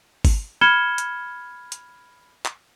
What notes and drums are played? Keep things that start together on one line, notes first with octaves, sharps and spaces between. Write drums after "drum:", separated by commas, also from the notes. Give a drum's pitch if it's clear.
drum: kick, open hi-hat
B5 F6 G#6 C#7 E7 G7
drum: hi-hat
drum: hi-hat
drum: clap